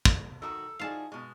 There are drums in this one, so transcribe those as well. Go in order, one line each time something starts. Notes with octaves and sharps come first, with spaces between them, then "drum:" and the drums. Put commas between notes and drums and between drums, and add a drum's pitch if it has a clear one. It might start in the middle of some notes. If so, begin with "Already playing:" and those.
B2, drum: kick
D#3 F#4 A4 A#5 D#6 E6
F3 D#4 E4 F#4 G#4 D5 F5 A5
B2 G#3 C#6 F6 A6